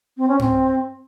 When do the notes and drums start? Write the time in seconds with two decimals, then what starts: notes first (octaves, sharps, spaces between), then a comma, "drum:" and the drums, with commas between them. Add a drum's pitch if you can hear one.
0.18 C4
0.28 C#4
0.39 C4, drum: tom G2